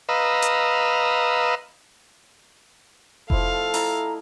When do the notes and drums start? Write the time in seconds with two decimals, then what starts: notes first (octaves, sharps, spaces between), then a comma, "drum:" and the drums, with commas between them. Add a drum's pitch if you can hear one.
0.09 B4 D#5 F5 A#5 E6
0.42 drum: hi-hat
3.30 F3 A3 E4 A4 F5, drum: kick F1
3.74 E4 D#5 A#5, drum: open hi-hat